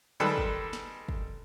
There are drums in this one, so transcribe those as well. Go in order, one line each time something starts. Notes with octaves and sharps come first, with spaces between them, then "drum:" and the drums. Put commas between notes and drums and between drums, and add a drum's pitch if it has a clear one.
D#3 G3 G#3 A4 B4 D5
drum: kick
drum: snare
drum: kick